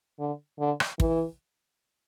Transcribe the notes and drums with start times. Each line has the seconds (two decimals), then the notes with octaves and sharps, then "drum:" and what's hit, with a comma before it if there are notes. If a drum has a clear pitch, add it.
0.19 D3
0.59 D3
0.80 drum: rim click
1.00 E3, drum: kick